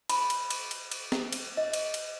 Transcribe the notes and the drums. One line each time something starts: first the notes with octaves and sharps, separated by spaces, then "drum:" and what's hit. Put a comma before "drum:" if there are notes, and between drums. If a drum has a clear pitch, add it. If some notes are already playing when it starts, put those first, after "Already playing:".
B5, drum: cymbal
drum: cymbal
drum: cymbal
drum: cymbal
drum: cymbal
drum: snare
drum: cymbal
D#5
drum: cymbal
drum: cymbal